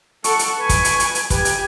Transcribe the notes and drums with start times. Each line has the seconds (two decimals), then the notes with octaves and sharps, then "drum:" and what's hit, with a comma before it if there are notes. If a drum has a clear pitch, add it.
0.24 A4 F#5 C#6, drum: hi-hat
0.39 drum: hi-hat
0.59 B4 G#5
0.69 drum: kick, hi-hat
0.85 drum: hi-hat
1.00 drum: hi-hat
1.15 drum: hi-hat
1.30 G4 B4 G#5, drum: kick, hi-hat
1.45 drum: hi-hat